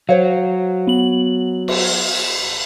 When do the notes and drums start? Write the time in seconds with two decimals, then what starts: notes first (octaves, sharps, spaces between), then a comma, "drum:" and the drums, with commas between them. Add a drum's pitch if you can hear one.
0.09 F#3 C5 C#5 F5
0.87 B3 F#7
1.68 drum: cymbal